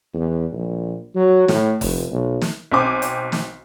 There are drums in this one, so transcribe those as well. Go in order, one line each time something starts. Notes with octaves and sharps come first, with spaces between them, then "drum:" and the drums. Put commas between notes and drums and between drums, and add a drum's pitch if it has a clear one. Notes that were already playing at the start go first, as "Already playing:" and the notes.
E2
A#1
F#3
A2, drum: snare
F1, drum: kick F1, open hi-hat
B1
drum: snare
B1 C4 C5 G#5 D6
drum: hi-hat
drum: snare